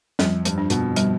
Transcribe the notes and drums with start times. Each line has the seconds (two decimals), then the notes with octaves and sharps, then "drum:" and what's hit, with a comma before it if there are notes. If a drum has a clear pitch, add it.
0.19 F2 G3, drum: snare
0.45 G2, drum: hi-hat
0.58 D4
0.70 B2, drum: hi-hat
0.96 G3, drum: hi-hat